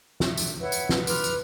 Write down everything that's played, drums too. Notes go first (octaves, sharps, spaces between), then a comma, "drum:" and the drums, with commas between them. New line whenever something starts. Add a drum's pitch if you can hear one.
E5, drum: snare
drum: tambourine
B4 C#5 E5 F#5
drum: tambourine
drum: snare
B4 C6 D6 F6, drum: tambourine
drum: tambourine